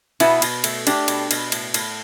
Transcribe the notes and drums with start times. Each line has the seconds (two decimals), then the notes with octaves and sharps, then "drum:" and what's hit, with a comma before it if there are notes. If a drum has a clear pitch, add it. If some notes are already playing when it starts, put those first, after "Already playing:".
0.20 B2 B3 E4, drum: cymbal
0.42 B2, drum: cymbal
0.64 A3, drum: cymbal
0.87 A3 D4 G4, drum: cymbal
1.08 B2, drum: cymbal
1.31 B2, drum: cymbal
1.52 A2, drum: cymbal
1.74 A2, drum: cymbal